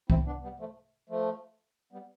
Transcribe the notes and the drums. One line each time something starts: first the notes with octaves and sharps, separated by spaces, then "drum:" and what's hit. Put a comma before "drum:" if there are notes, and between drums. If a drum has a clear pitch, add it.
C4 E4, drum: kick C2
B3 D4
G3 B3
F3 A3
F3 A3
G3 B3